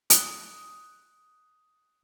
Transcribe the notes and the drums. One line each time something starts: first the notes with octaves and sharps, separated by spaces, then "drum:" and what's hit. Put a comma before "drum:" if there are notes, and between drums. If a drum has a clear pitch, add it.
D#6 F#6, drum: hi-hat